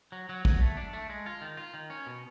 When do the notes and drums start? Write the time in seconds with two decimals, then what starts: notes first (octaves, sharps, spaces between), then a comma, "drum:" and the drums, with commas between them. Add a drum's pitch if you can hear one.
0.12 F#3
0.29 F#3
0.45 F#3, drum: kick
0.62 A3
0.77 D4
0.93 A3
1.10 G#3
1.26 F4
1.41 D#3
1.57 F4
1.74 D#3
1.90 C#4
2.06 B2